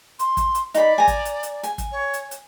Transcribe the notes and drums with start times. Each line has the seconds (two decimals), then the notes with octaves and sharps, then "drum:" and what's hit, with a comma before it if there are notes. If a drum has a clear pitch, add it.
0.19 C6, drum: hi-hat
0.37 drum: kick, hi-hat
0.55 drum: hi-hat
0.74 D#4 D5 B5, drum: hi-hat
0.98 G#5 A#5
1.08 drum: kick, hi-hat
1.25 drum: hi-hat
1.43 drum: hi-hat
1.63 G#5, drum: hi-hat
1.78 drum: kick, hi-hat
1.92 C#5
2.13 drum: hi-hat
2.31 drum: hi-hat